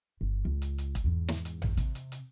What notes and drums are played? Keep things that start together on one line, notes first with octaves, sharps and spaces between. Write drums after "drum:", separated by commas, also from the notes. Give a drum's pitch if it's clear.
G1
C#2
drum: hi-hat
drum: hi-hat
drum: kick, hi-hat
E2 G#2
drum: snare
drum: hi-hat
drum: tom A1
C3, drum: hi-hat
drum: hi-hat
drum: hi-hat